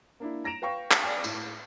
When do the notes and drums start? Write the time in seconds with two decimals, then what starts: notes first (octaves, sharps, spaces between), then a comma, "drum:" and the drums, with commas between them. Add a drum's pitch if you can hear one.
0.20 A#3 D4 E4
0.44 A#5 A#6 D7 E7 F7
0.62 B4 F5 G5 C#6
0.91 drum: clap
1.02 D5 G5 G#5
1.24 A2, drum: tambourine